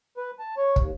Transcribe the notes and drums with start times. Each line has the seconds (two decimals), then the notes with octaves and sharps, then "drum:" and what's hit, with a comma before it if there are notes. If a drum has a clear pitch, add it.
0.17 B4
0.39 A5
0.57 C#5
0.76 D#2, drum: kick